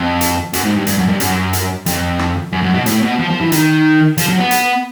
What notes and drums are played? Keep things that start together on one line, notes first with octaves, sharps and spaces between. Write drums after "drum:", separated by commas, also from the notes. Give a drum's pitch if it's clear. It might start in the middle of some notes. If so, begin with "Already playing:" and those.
Already playing: F2
drum: hi-hat
F#2, drum: hi-hat
G#2
G2
G2, drum: hi-hat
F#2
G2
F#2, drum: hi-hat
drum: hi-hat
F2, drum: hi-hat
drum: rim click
F#2
F#2
B2
A2, drum: hi-hat
B2
F3
F3
E3
D#3, drum: hi-hat
F3, drum: hi-hat
F#3
B3
drum: hi-hat